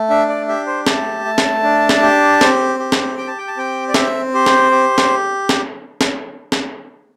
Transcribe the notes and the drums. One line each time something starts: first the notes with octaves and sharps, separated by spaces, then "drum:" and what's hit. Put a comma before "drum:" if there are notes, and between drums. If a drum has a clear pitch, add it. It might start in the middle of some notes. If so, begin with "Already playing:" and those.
Already playing: A3
D4 E5
D5
G4 E5
C5
A3 A5, drum: snare
A3
drum: snare
D4
drum: snare
G4
C4, drum: snare
G4
drum: snare
G4 G5
A5
G5
A5
C4 G5
D5
C4 E5, drum: snare
G4 C5
drum: snare
G4
drum: snare
drum: snare
drum: snare
drum: snare